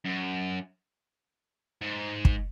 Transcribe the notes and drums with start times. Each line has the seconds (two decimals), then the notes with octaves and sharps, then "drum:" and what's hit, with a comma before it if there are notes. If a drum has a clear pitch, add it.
0.05 F#2
1.82 G#2
2.25 drum: kick